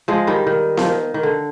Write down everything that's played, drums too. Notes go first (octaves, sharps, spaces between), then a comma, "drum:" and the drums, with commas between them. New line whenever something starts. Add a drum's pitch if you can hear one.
F3 G#3
D#3 G3
D#3
F3, drum: snare B3
D#3
D#3
D3